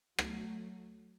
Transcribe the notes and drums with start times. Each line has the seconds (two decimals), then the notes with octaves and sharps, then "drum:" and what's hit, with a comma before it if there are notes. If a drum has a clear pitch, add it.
0.18 F#3 A3, drum: rim click